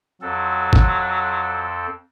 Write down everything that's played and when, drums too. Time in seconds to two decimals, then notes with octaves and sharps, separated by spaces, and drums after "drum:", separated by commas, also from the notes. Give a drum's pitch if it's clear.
0.22 F2 F#3 C4 A4
0.73 drum: kick G1